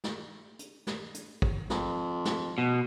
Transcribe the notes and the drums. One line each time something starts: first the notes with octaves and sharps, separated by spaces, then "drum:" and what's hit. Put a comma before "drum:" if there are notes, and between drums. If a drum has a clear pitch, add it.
drum: snare
drum: hi-hat
drum: snare
drum: hi-hat
drum: kick
F2, drum: snare
drum: snare
B2